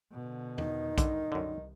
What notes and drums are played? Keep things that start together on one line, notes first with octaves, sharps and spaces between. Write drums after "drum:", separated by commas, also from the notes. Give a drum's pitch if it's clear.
B2 D3
D#3 D#4, drum: tom E2
C#2 D3, drum: kick, hi-hat
C2 F#2 D3